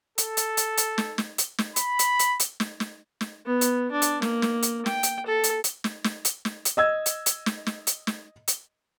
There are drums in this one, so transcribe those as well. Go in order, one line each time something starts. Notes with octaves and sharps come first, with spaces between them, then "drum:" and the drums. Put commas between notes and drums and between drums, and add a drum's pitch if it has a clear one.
A4, drum: hi-hat
drum: hi-hat
drum: hi-hat
drum: hi-hat
drum: snare
drum: snare
drum: hi-hat
drum: snare
B5, drum: hi-hat
drum: hi-hat
drum: hi-hat
drum: hi-hat
drum: snare
drum: snare
drum: snare
B3
drum: hi-hat
D4
drum: hi-hat
A#3, drum: snare
drum: snare
drum: hi-hat
G5, drum: snare
drum: hi-hat
A4
drum: hi-hat
drum: hi-hat
drum: snare
drum: snare
drum: hi-hat
drum: snare
drum: hi-hat
D#5 E6 G#6
drum: hi-hat
drum: hi-hat
drum: snare
drum: snare
drum: hi-hat
drum: snare
drum: hi-hat